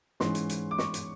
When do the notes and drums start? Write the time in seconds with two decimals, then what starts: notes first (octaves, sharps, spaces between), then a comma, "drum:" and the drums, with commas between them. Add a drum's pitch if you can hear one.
0.20 G#2 E3 G#3 C#4 C6, drum: snare
0.35 drum: hi-hat
0.49 drum: hi-hat
0.71 D6
0.78 C#6, drum: snare
0.94 drum: hi-hat